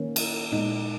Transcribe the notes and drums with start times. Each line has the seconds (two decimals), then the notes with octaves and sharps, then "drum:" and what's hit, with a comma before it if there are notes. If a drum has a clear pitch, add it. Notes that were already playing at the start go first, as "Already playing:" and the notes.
Already playing: D#3 A#3 C#4
0.16 drum: cymbal
0.52 A#2 G#3 B3 D#4